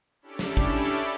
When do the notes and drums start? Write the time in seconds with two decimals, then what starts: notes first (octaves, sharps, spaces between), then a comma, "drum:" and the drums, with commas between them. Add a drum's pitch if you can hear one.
0.21 C#4 D4 E4 G4 A4 D5
0.39 drum: snare
0.57 drum: kick